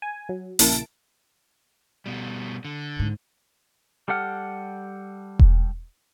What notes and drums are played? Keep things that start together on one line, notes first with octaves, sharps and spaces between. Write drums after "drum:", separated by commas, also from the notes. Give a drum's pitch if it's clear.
G#5
F#3
A#1 C#3 A#3 E4 A5 D7, drum: open hi-hat
B2 G3
D3
G#2
G3 G4 A4 F#5 F6
drum: kick E1